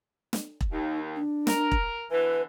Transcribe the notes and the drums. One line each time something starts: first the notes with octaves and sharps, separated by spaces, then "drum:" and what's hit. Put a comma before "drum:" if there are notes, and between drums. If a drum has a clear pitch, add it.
drum: snare
drum: kick E1
D#2 D#4
D4
A#4, drum: snare
drum: kick E1
B2 D3 E3 B4